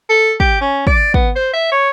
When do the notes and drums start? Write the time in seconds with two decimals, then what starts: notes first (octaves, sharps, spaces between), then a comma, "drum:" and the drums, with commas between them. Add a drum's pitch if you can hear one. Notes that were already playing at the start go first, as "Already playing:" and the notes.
0.10 A4
0.40 G4, drum: kick
0.61 C#4
0.87 D5, drum: kick
1.14 B3, drum: kick
1.36 C5
1.53 E5
1.72 C#5